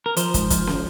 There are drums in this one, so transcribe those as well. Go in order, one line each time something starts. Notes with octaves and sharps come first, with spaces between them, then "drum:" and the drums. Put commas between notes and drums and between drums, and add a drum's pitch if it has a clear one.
A#4
F3 C5, drum: hi-hat
G#2, drum: kick, hi-hat
F3, drum: kick, hi-hat
drum: snare